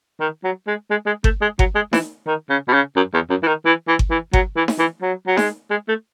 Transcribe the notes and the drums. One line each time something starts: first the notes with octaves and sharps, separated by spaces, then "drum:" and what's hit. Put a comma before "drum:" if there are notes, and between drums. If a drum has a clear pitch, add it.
D#3
F#3
G#3
G#3
G#3
A3, drum: kick G1
G#3
F#3, drum: kick G1
G#3
E3, drum: snare D#4
D#3
C#3
B2
C#3
F#2
E2
F#2
E3
D#3
E3
E3
drum: kick G1
E3
F#3, drum: kick G1
E3
drum: snare D#4
E3
F#3
F#3
G#3, drum: snare D#4
G#3
A3